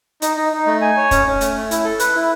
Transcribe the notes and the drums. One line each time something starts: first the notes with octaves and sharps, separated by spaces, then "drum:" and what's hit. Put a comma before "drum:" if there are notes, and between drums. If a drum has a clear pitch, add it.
D#4, drum: hi-hat
D#4
D#4
A3
G#5
C#5
C#4, drum: kick, hi-hat
C#4
A3, drum: hi-hat
A3
E4, drum: hi-hat
A4
B4, drum: hi-hat
E4